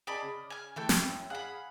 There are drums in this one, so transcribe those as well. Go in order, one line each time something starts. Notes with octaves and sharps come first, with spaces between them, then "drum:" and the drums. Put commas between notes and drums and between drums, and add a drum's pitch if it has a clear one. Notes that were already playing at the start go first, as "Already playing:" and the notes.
G#4 D5 D#5 A5 B5
C#3
G#5 F6
E3 A3 E4 A4 G5
drum: snare
F#2
G#4 F5 F#5 B5